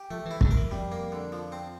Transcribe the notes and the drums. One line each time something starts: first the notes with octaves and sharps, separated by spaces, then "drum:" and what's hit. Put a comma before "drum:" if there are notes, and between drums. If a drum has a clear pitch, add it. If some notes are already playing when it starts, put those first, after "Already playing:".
Already playing: G4
F3 A3
E3
E4
D3, drum: kick
A#4
F2
F2 G3
A#3
D3
F3
C4